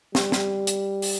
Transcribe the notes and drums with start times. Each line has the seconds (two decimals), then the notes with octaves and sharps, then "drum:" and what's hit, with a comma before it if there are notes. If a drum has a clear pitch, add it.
0.15 G3, drum: snare
0.32 drum: snare
0.67 drum: hi-hat
1.02 drum: open hi-hat